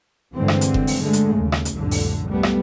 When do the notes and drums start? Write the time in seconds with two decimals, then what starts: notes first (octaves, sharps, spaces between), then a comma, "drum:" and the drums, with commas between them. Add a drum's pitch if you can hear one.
0.34 G2 D3 E3 G#3 C4
0.48 drum: rim click
0.61 drum: hi-hat
0.74 drum: kick F1
0.87 drum: open hi-hat
1.00 D3 G#3 A3
1.13 drum: hi-hat
1.35 D#2 C#3
1.52 drum: rim click
1.65 drum: hi-hat
1.74 C2 F2 A2 D3
1.91 drum: open hi-hat
2.26 C2 F#2 A2 G3 A3 B3
2.43 drum: rim click